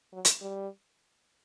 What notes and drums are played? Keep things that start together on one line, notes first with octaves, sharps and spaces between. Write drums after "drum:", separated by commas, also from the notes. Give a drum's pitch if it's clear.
F#3
drum: hi-hat
G3